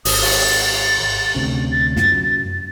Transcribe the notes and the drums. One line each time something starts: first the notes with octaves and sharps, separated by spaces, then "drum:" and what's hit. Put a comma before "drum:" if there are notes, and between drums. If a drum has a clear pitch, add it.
G#1 D#6, drum: open hi-hat
A6, drum: cymbal
D2 C3 C#4
A6
F#2, drum: snare